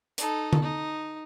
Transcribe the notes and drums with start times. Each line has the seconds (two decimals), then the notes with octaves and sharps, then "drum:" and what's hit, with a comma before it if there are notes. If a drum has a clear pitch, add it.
0.18 D#4 A4, drum: hi-hat
0.53 drum: tom D3
0.62 D#4